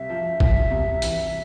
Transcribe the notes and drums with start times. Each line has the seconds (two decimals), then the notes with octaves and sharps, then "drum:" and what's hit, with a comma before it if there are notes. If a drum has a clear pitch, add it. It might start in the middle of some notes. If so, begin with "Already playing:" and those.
Already playing: C2 E5
0.10 F3
0.40 F3, drum: kick
0.71 C2
1.02 E3, drum: hi-hat